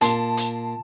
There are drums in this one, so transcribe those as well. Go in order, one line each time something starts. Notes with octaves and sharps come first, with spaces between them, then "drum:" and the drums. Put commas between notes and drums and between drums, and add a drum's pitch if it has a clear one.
A#2 A5 C6, drum: hi-hat
drum: hi-hat